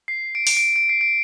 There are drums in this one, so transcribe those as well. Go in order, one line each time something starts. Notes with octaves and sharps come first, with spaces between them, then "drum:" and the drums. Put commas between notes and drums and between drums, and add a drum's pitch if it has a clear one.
C7
D7
D7, drum: open hi-hat
D7
D7
C7
D7